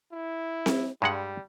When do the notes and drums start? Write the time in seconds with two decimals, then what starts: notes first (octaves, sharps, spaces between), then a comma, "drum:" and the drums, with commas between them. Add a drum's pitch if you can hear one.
0.12 E4
0.66 drum: snare C4
1.02 G2 G3 G#3 F#5